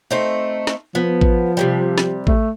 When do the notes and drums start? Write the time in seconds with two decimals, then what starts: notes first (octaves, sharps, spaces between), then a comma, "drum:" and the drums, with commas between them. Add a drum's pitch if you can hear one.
0.11 A3 C4 D#4
0.67 drum: snare
0.95 F3 B3
1.21 drum: kick A1
1.57 C3 D#3 G3
1.98 drum: snare
2.27 A3, drum: kick A1